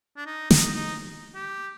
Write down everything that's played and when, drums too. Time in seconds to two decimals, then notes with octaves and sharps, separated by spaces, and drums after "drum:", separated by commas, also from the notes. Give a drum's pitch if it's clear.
0.17 D4
0.26 D#4
0.51 D#4, drum: snare
0.74 D#4
1.35 G4